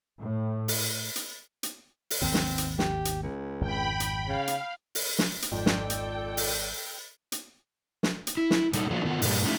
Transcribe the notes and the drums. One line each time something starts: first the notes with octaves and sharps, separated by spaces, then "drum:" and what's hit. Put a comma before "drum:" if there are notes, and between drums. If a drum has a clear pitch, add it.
A2
drum: open hi-hat
drum: hi-hat
drum: hi-hat
drum: open hi-hat
G#1 D#2 B2 C4
drum: snare
drum: hi-hat
G4, drum: snare
drum: hi-hat
C#2
G#1 F2 G5 B5
drum: hi-hat
C#3 F5
drum: hi-hat
drum: open hi-hat
drum: snare
drum: hi-hat
G#1 F2 G#2 A4 D5 G5
drum: snare
drum: hi-hat
drum: open hi-hat
drum: hi-hat
drum: snare
drum: hi-hat
E4
drum: snare
A#2 G3 D#4 A4, drum: hi-hat
F3 F#3 A#3 D4 F4
D#3 B3 F4
G2 A#2 G3, drum: open hi-hat
F3 G#3 A3 C#4 D#4 E4